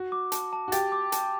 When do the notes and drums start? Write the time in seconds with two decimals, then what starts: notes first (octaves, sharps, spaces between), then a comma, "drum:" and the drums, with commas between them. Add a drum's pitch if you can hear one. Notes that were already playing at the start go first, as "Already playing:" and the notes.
Already playing: F#4
0.12 D6
0.32 A5, drum: hi-hat
0.53 A5
0.68 F#4
0.72 G4 A6, drum: hi-hat
0.92 D6
1.12 A5, drum: hi-hat